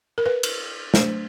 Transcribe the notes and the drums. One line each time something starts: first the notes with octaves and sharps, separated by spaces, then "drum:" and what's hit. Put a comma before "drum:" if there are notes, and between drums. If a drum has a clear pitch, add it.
A#4
B4
drum: cymbal
F#3 A3 D4 C5, drum: snare